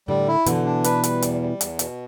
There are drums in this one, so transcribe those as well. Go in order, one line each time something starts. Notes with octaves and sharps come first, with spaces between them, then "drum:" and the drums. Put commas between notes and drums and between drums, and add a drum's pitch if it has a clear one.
A2 D3 G3
E4
B2 D3 E3, drum: hi-hat
D4
B4, drum: hi-hat
G3, drum: hi-hat
E2, drum: hi-hat
G3
E2, drum: hi-hat
B2, drum: hi-hat